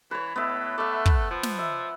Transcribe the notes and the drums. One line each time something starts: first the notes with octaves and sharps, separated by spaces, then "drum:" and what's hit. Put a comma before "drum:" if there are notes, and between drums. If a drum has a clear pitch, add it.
E3 B4 C#5
A2 B3 E5
A3 E5 D6
drum: kick
F3
drum: snare
E5